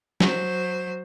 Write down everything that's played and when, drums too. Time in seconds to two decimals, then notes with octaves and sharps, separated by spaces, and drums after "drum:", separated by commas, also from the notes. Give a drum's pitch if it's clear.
0.20 F#3 C5, drum: snare